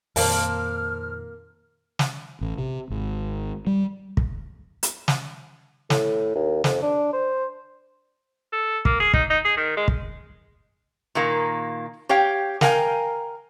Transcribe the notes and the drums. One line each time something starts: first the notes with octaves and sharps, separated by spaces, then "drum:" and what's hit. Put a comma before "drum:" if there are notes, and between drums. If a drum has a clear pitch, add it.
F2 A#2 D#3 A#3 C5 A5 F6, drum: open hi-hat
drum: snare
A1
C3
G#1
G3
drum: kick
drum: hi-hat
drum: snare
A2, drum: snare
D#2
F2, drum: snare
D4
C5
A4
A#3, drum: kick
G#4
D#4, drum: kick
D#4
G#4
D#3
G#3
drum: kick
A#2 D#3 A#3
G4 C#5 F5 G5
A#4 F5 G5 G#5, drum: snare